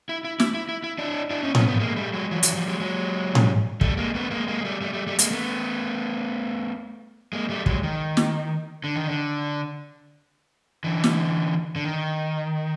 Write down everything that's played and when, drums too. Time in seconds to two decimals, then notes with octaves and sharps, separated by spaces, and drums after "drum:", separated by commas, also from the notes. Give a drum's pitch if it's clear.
0.09 E4
0.25 E4
0.40 E4, drum: snare
0.54 E4
0.69 E4
0.84 E4
0.98 D4 E4
1.30 D4 E4
1.43 C#4 D#4
1.55 B3 C#4, drum: tom A2
1.68 A3 B3
1.80 G#3 A#3
1.96 G3 A3
2.13 F#3 G#3
2.31 E3 F#3
2.43 E3 F#3, drum: hi-hat
2.55 F3 G3
2.68 F#3 G#3
2.80 F#3 G#3
3.35 drum: tom A2
3.81 G3 A3, drum: kick
3.97 G#3 A#3
4.15 A3 B3
4.31 G#3 A#3
4.48 G#3 A#3
4.61 G#3
4.65 G3 A3
4.81 G3 A3
4.93 G3 A3
5.07 G3 A3
5.19 G#3 A#3, drum: hi-hat
5.31 A3 B3
7.33 G#3 A#3
7.49 G3 A3
7.66 F#3 G#3, drum: kick
7.83 D#3
8.17 drum: snare
8.84 D3
8.96 D#3
9.07 D3
10.84 D3 E3
11.04 drum: snare
11.76 D3
11.85 D#3